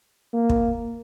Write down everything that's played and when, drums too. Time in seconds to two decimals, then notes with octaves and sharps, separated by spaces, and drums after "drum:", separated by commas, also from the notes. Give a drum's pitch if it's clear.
0.33 A#3
0.50 drum: kick